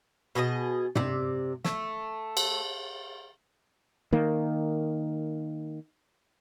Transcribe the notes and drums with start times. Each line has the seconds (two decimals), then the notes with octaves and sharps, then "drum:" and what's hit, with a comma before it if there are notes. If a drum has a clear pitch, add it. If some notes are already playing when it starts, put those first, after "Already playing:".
0.35 B2 G#4 A4 D#5
0.95 C3 D5, drum: tom
1.65 A3, drum: snare
2.37 drum: cymbal
4.13 D#3 A#3